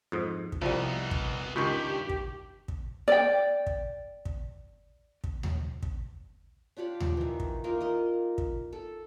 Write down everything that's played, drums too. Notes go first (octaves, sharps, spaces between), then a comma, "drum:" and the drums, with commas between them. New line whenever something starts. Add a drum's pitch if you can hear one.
F2 G#2
drum: kick
C2 F3 G3 B3 D#4
drum: kick
C#2 G2 D#3 G4 C#6 G6 B6
drum: kick
drum: kick
D5 G5
drum: kick
drum: kick
drum: kick
drum: tom D#2
drum: kick
D4 F4 G4 D5
drum: tom D#2
D#3 E3
drum: kick
A#3 D#4 F4 A#4
A#4 D#5
drum: kick
A4